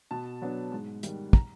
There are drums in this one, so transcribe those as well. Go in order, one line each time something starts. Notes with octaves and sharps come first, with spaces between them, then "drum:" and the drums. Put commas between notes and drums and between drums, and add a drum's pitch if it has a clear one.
B2 A5
F#3 B3 D4
G#2
D#3 G3, drum: hi-hat
A#5, drum: kick